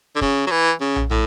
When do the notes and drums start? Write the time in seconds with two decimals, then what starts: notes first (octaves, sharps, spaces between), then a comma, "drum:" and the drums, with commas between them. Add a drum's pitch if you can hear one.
0.16 D3
0.21 C#3, drum: kick
0.47 F#3
0.51 E3
0.81 C#3
0.96 drum: tom
1.11 A2, drum: tom